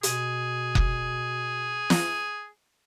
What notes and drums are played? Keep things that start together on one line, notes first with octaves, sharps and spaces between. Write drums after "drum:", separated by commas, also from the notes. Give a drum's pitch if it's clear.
B2 G#4, drum: hi-hat
drum: kick F1
drum: snare